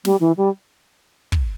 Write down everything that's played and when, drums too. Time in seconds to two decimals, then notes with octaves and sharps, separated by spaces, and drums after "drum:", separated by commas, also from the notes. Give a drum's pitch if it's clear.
0.05 G3, drum: snare
0.20 E3
0.37 G3
1.32 drum: kick